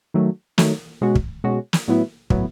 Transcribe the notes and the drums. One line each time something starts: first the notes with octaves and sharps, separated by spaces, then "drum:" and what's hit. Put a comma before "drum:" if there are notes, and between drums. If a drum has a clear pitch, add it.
D#3 F#3 A3
D#3 F#3 A3, drum: snare
B2 G#3 C#4 F#4
drum: kick
B2 G#3 C#4 F#4
drum: snare
A2 F#3 B3 E4
A2 F#3 B3 E4, drum: kick